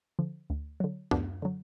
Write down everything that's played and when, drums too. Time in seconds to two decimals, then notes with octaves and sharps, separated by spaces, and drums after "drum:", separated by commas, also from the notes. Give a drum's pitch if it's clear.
0.19 D3 F3
0.50 D2
0.80 D3 F#3
1.11 D2 B3 D4, drum: tom F#2
1.42 D3 F#3